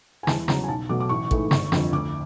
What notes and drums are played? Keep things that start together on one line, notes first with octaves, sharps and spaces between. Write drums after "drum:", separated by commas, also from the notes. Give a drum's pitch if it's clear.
G#5
E2 A5, drum: snare
C#3 F#3 A#5, drum: snare
G#5
B1 A5
B2 F#3 A3 D6
D6
A1 C#6
G#2 E3 A3, drum: kick
G1 C#6, drum: snare
F2 D3, drum: snare
D2 D6